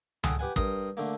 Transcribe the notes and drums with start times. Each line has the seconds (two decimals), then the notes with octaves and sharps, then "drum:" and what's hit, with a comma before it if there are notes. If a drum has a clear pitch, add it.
0.24 G#4 A4 F#5 G5, drum: tom C#2
0.39 G4 B4 F#5 G#5
0.56 G2 A#4 C6 D#6, drum: kick
0.97 D3 A3 A#3